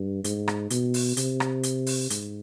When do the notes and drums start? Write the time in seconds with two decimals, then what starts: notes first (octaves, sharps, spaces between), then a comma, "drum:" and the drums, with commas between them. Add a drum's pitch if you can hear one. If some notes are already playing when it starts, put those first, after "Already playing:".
Already playing: G2
0.24 G#2, drum: hi-hat
0.48 drum: rim click
0.70 B2, drum: hi-hat
0.94 drum: open hi-hat
1.17 C3, drum: hi-hat
1.40 drum: rim click
1.63 drum: hi-hat
1.86 drum: open hi-hat
2.10 G#2, drum: hi-hat